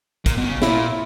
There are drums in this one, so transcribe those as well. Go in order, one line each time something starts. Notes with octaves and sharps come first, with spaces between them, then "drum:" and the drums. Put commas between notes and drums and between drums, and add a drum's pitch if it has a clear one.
A#2, drum: kick, hi-hat
B2
D#3
C#3
A#2 E4, drum: snare